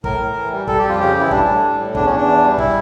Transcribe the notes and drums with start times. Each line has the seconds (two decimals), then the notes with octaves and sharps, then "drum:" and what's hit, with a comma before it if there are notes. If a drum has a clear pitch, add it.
0.04 A2 A#4, drum: kick
0.20 A2
0.36 E3
0.52 G3
0.67 G3 A4, drum: kick
0.79 G4
0.84 F2
0.89 F4
0.99 C#3 G4
1.15 E3
1.21 E4
1.31 G3 D4, drum: kick
1.47 A2
1.63 G3
1.78 A2
1.95 E2 D4, drum: kick
2.05 C#4
2.11 E2
2.16 D4
2.27 E3
2.43 G3
2.58 E4, drum: kick